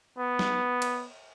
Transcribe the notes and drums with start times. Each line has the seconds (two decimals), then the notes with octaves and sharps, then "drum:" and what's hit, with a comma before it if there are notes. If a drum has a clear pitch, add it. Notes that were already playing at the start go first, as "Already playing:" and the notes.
0.18 B3
0.39 drum: snare
0.82 drum: cymbal